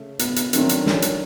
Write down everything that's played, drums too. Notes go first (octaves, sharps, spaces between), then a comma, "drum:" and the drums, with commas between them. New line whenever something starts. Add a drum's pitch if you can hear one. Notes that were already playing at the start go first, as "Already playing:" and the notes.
Already playing: C#3 A3
B3, drum: hi-hat
drum: hi-hat
D#3 F#3 A3 C4 D4, drum: hi-hat
drum: hi-hat
C#4, drum: snare
drum: hi-hat